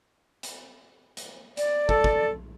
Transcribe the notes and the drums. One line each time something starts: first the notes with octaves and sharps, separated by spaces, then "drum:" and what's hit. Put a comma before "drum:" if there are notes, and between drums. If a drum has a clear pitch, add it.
drum: hi-hat
drum: hi-hat
D5, drum: hi-hat
A4, drum: kick
drum: kick